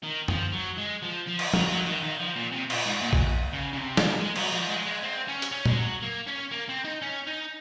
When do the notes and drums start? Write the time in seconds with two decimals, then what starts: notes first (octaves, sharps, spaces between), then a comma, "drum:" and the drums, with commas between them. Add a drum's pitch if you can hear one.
0.03 D#3
0.28 F3, drum: tom F#2
0.53 F#3
0.78 G#3
1.03 F3
1.28 F3
1.39 drum: cymbal
1.54 F#3, drum: tom
1.70 F#3
1.86 D#3
2.03 D#3
2.20 F3
2.36 A#2
2.52 C3
2.70 A#2, drum: cymbal
2.86 G#2
3.02 A#2
3.13 drum: kick A#1
3.53 C#3
3.73 C#3
3.77 C3
3.97 G#2, drum: snare
4.02 A#2
4.20 G#3
4.36 F#3, drum: cymbal
4.52 F3
4.69 G#3
4.86 G#3
5.03 C4
5.28 C#4
5.42 drum: hi-hat
5.52 C#4
5.65 G#3, drum: tom A#2
5.78 F#3
6.02 A#3
6.27 C#4
6.51 A#3
6.69 C4
6.85 D#4
7.02 C#4
7.27 D#4